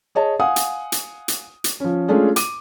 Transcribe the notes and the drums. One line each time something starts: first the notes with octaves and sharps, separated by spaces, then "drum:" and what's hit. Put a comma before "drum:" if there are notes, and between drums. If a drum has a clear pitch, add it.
G#4 C#5 D#5 A5
F5 F#5 G#5 D#6
drum: hi-hat
drum: hi-hat
drum: hi-hat
drum: hi-hat
F3 C#4
G#3 A3 C#4 D4 F4 G#4
D6 D#7, drum: hi-hat